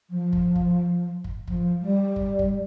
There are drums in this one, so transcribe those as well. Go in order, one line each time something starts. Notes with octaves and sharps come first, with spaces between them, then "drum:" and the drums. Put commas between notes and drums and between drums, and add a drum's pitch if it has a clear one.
F3
drum: kick
drum: kick
drum: kick
F3, drum: kick
G3
drum: kick
drum: kick